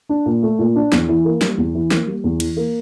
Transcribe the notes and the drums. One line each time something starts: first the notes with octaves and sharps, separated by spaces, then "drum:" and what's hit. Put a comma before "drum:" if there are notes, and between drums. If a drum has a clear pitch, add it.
D4
A#2
A3
A#2
D4
E2, drum: snare
E3
A#3
G3, drum: snare
E2
E3
A#3, drum: snare
G3
E2
E3, drum: cymbal
A#3